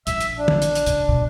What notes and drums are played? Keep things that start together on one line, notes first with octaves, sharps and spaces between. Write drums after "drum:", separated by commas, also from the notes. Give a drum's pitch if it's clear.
A#1 E5 E6, drum: hi-hat
drum: hi-hat
D4
drum: tom
drum: hi-hat
drum: hi-hat
C#3, drum: hi-hat
B2